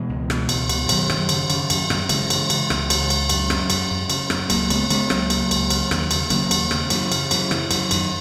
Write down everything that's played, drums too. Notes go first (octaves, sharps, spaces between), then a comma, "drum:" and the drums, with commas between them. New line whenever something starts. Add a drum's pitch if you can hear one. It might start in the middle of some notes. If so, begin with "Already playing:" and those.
Already playing: B2 E3 G#3
C#2
B2, drum: rim click
C#2, drum: cymbal
B2, drum: cymbal
F#2 D#3 F#3, drum: cymbal
F#2, drum: rim click
C#3, drum: cymbal
C#3, drum: cymbal
F#2, drum: cymbal
F#2, drum: rim click
C#3 E3 G#3, drum: cymbal
C#3, drum: cymbal
C#3, drum: cymbal
C#2, drum: rim click
C#2, drum: cymbal
C#2, drum: cymbal
F#2, drum: cymbal
F#2, drum: rim click
F#2, drum: cymbal
F#2
C#3, drum: cymbal
F#2, drum: rim click
C#2 F#3 A#3, drum: cymbal
C#3 G#3 B3, drum: cymbal
C#3 G#3 B3, drum: cymbal
C#2 F#3 A#3, drum: rim click
C#3, drum: cymbal
C#2, drum: cymbal
C#3, drum: cymbal
D#2, drum: rim click
C#3, drum: cymbal
C#3 F#3 A#3, drum: cymbal
D#2, drum: cymbal
C#3, drum: rim click
F#2 E3, drum: cymbal
C#3, drum: cymbal
F#2 E3, drum: cymbal
C#3 E3, drum: rim click
F#2 E3, drum: cymbal
F#2 D#3, drum: cymbal